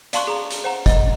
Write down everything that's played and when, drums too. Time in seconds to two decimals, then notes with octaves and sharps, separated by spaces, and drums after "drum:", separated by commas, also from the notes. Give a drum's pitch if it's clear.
0.13 D5 F5 A5 C6 C#6 F#6, drum: hi-hat
0.27 G#4 A#5
0.50 drum: hi-hat
0.64 C5 F#5 A#5
0.86 D#5, drum: kick, hi-hat